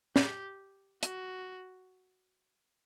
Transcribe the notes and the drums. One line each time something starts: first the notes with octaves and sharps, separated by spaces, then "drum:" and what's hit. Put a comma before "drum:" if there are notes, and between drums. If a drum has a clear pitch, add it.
G4, drum: snare
F#4, drum: hi-hat